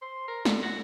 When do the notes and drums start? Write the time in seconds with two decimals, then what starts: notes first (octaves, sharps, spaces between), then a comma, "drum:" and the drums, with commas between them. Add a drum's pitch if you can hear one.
0.02 C5
0.28 A#4
0.45 D3, drum: snare
0.62 F#4